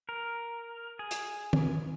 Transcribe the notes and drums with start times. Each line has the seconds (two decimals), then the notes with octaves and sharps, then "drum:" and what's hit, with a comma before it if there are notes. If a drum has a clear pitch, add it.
0.09 A#4
0.99 G#4
1.11 drum: hi-hat
1.53 drum: tom